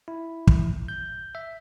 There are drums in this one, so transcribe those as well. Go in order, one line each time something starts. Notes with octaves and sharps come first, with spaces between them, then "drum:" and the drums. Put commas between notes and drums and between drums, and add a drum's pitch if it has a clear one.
E4
drum: kick
G6
E5